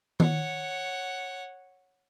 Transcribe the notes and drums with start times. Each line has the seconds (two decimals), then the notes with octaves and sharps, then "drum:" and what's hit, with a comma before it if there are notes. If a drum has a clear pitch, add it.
0.20 C#5 F#5, drum: tom D#3